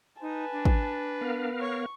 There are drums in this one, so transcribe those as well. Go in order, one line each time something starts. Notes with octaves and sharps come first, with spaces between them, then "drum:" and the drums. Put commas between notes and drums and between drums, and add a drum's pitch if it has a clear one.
D#4 B4 G#5 A5
D4
drum: kick
B3 A#4 F5
C#5 C#6